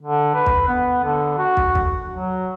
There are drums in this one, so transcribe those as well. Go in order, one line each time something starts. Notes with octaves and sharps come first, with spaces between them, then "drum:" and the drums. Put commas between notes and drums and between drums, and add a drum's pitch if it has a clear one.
D3
B4
drum: kick
B3
D3
F#4
drum: kick
drum: kick
F#3